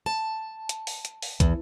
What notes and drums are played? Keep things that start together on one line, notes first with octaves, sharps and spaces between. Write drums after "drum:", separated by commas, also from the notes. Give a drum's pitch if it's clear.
A5
drum: hi-hat
drum: open hi-hat
drum: hi-hat
drum: open hi-hat
E2, drum: kick, hi-hat